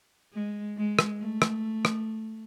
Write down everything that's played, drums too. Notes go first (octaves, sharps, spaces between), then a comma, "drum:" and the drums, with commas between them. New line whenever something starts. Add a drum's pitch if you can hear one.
G#3
G#3
drum: rim click
A3
drum: rim click
drum: rim click